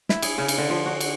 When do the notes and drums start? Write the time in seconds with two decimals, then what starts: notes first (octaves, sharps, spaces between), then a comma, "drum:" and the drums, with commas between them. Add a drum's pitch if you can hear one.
0.09 E4, drum: snare
0.22 G#4, drum: cymbal
0.38 C#3
0.48 drum: cymbal
0.58 D3
0.70 F3
0.86 F#4
1.01 drum: cymbal